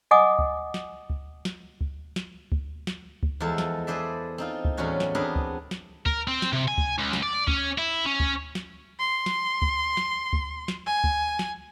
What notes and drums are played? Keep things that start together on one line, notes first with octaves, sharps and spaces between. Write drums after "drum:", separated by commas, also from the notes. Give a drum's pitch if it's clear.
D#5 F#5 G#5 D6 D#6
drum: kick C#2
drum: snare
drum: kick C#2
drum: snare
drum: kick C#2
drum: snare
drum: kick C#2
drum: snare
drum: kick C#2
E2 F3 G#3 A4
drum: snare
G#4 A4 B4 C5 D5 E5
C4 D#4 F4
drum: kick C#2
E2 A2 G3 C#4 F#4 C#5
drum: snare
B3 C4 D4 G#4 A#4 B4
drum: kick C#2
drum: snare
A#4, drum: kick C#2
C4
drum: snare
C3
G#5
drum: kick C#2
C#2
drum: snare
D5
C#4, drum: kick C#2
E4
C#4
drum: kick C#2
drum: snare
C6
drum: snare
drum: kick C#2
drum: snare
drum: kick C#2
drum: snare
G#5
drum: kick C#2
drum: snare